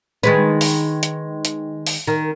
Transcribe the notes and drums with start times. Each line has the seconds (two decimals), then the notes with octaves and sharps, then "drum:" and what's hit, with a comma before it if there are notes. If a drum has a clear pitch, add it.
0.23 D#3 G#3 B4
0.61 drum: open hi-hat
1.03 drum: hi-hat
1.45 drum: hi-hat
1.87 drum: open hi-hat
2.07 D#3